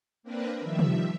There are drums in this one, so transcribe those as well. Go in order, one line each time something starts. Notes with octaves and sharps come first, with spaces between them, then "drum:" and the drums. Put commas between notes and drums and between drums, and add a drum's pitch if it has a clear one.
A#3 C4 D4 A#4 B4
D#3 F3 G3 E5
drum: tom C3